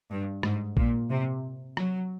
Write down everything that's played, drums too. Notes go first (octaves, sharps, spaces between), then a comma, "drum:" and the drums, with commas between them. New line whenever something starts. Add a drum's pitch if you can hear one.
G2
G#2, drum: rim click
A#2, drum: kick A#1
C3
F#3, drum: rim click